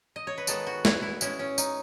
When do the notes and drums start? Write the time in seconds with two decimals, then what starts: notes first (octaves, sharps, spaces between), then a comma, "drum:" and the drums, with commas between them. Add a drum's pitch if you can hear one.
0.16 D#5
0.27 C#5
0.38 B4
0.47 D#3 G#3 B3 A4, drum: tambourine
0.67 F#4
0.85 E4, drum: snare
1.02 E4
1.21 A2 G#3 C#4 E4, drum: tambourine
1.39 C#4
1.58 D#4, drum: tambourine